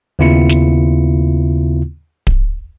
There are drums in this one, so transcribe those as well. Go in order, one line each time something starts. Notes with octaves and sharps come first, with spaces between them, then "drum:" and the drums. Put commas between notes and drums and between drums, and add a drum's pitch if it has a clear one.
D#2 C#3 B3 E4 F4 C#7
drum: snare
drum: kick D1